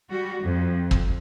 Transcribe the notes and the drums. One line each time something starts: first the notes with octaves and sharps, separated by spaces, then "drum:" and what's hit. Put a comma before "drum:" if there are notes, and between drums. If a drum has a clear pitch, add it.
G3 F#4
F2
drum: kick